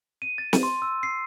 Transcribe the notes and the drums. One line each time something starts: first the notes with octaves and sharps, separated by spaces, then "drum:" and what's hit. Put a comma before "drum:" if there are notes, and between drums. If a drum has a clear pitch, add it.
D#7
A6
drum: snare
C6
E6
C7